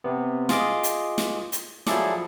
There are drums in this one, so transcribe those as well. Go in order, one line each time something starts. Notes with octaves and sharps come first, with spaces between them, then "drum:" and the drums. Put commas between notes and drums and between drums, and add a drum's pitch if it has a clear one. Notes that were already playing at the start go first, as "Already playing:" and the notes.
C3 B3
F4 G#4 D#5 D6, drum: snare
drum: hi-hat
drum: snare
drum: hi-hat
F3 F#3 E4 G#4 A4 D5, drum: snare